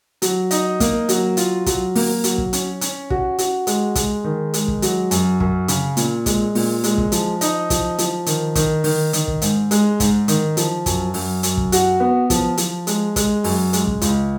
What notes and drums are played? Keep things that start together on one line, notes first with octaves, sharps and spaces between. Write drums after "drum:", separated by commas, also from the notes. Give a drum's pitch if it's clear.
F#3, drum: hi-hat
D#4, drum: hi-hat
A#3, drum: kick, hi-hat
F#3, drum: hi-hat
F4, drum: hi-hat
F#3, drum: kick, hi-hat
A#3, drum: open hi-hat
F#3, drum: hi-hat
drum: kick
C#4, drum: hi-hat
C#4, drum: hi-hat
F#4, drum: kick
F#4, drum: hi-hat
G#3, drum: hi-hat
G#3, drum: kick, hi-hat
D#3
G#3, drum: hi-hat
drum: kick
F#3, drum: hi-hat
F#2, drum: hi-hat
F#2, drum: kick
C#3, drum: hi-hat
A#2, drum: hi-hat
G#3, drum: kick, hi-hat
A#2, drum: open hi-hat
G#3, drum: hi-hat
drum: kick
F3, drum: hi-hat
D#4, drum: hi-hat
F3, drum: kick, hi-hat
F3, drum: hi-hat
D#3, drum: hi-hat
D#3, drum: kick, hi-hat
D#3, drum: open hi-hat
D#3, drum: hi-hat
drum: kick
G#2, drum: hi-hat
G#3, drum: hi-hat
G#2, drum: kick, hi-hat
D#3, drum: hi-hat
F3, drum: hi-hat
F#2, drum: kick, hi-hat
F#2, drum: open hi-hat
F#2, drum: hi-hat
drum: kick
F#4, drum: hi-hat
B3
F3, drum: kick, hi-hat
F3, drum: hi-hat
G#3, drum: hi-hat
G#3, drum: kick, hi-hat
F#2, drum: open hi-hat
G#3, drum: hi-hat
drum: kick
C#2, drum: hi-hat